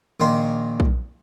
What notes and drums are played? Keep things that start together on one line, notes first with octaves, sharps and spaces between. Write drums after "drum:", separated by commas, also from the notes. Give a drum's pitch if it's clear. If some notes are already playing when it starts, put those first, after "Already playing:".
A#1 D#3 A#3 C6
drum: kick